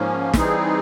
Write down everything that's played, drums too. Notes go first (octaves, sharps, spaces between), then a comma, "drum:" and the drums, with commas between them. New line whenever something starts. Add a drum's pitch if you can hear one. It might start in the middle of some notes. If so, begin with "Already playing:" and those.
Already playing: G#2 F3 A#3 C#4
E3 G3 C4 D#4 G#4, drum: snare